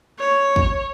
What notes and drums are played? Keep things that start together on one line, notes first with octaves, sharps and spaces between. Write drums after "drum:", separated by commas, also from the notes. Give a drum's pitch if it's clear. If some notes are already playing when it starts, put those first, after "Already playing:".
C#5
drum: kick